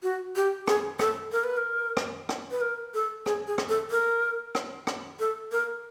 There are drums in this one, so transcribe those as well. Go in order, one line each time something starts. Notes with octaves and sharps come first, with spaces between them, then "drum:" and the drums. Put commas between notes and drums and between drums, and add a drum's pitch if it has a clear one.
F#4
G4
G#4, drum: rim click
A4, drum: rim click
A#4
B4
A#4
drum: rim click
drum: rim click
B4
A#4
A4
G#4, drum: rim click
G#4
drum: rim click
A4
A#4
drum: rim click
drum: rim click
A4
A#4